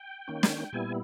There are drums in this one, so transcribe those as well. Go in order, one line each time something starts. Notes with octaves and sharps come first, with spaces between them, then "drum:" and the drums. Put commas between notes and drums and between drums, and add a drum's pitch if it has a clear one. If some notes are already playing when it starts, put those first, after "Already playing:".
Already playing: G5
D#3 A#3 C#4
drum: snare
A#2 G3 B3 E4 G#5